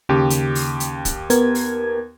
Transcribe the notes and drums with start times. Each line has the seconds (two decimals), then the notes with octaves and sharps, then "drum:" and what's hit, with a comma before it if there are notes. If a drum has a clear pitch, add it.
0.09 D#2 C#3 G4
0.30 drum: hi-hat
0.55 drum: open hi-hat
0.80 drum: hi-hat
1.05 drum: kick, hi-hat
1.30 B3 A#4 G#6, drum: hi-hat
1.55 drum: open hi-hat